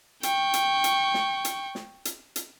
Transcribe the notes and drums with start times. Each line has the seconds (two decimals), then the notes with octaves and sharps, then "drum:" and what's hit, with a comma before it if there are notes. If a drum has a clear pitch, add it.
0.23 G5 C#6, drum: hi-hat
0.54 drum: hi-hat
0.84 drum: hi-hat
1.14 drum: snare
1.45 drum: hi-hat
1.75 drum: snare
2.05 drum: hi-hat
2.36 drum: hi-hat